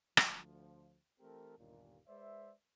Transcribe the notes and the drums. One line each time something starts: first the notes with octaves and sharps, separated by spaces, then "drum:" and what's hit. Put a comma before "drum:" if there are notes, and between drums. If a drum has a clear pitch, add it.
D2 F3, drum: rim click
E3 A3 C4 G4 A4 A#4
G1 D#2 A#2
G#3 B4 C5 D5 E5